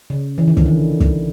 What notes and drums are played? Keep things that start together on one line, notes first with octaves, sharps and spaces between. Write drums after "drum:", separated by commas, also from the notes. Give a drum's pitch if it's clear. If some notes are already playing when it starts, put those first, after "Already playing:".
C#3
E3
D#3
D3, drum: kick
D#3
drum: kick